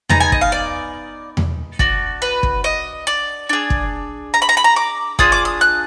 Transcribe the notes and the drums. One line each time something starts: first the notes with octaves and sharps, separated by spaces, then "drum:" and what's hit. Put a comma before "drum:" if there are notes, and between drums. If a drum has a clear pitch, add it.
B3 D#4 G#4 A#5, drum: tom E2
G#5
D#5, drum: kick
F5
D5
drum: tom E2
D4 F#4, drum: kick
B4
drum: kick
D#5
D5
D4 G#4
drum: kick
A#5
B5
A#5
B5
A#5
D6
D4 F4 G#4 D#6, drum: kick
D6
D#6
F#6